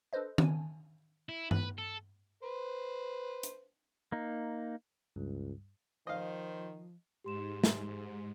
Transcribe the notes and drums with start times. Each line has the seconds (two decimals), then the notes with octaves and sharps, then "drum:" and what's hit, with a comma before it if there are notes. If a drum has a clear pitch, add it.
0.13 D4 A4 B4 C5 D#5
0.38 G#5 A5, drum: tom D#3
1.29 E4
1.51 B4, drum: tom G2
1.78 A4
2.43 B4 C5
3.43 drum: hi-hat
4.12 A#3 D#4
5.16 C#2 G2
6.07 D#3 F3 C5 D#5 F5
7.24 G#2 G4 C6 E7
7.64 drum: snare